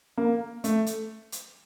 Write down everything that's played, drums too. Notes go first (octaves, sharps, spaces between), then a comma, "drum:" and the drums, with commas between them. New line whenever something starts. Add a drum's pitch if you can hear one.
A#3
A3, drum: hi-hat
drum: hi-hat
drum: hi-hat